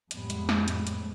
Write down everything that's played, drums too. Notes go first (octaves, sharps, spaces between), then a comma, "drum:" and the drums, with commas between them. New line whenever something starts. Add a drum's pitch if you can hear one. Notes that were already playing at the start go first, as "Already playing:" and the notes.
F2 A2 G3 G#3 B3, drum: hi-hat
drum: hi-hat
drum: snare
drum: hi-hat
drum: hi-hat